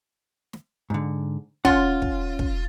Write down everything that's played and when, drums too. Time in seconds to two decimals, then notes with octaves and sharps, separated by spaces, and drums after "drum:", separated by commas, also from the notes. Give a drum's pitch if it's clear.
0.53 drum: snare
0.90 G#2 D3
1.65 C#4 F4 F#5 C6, drum: kick
2.02 drum: kick
2.39 drum: kick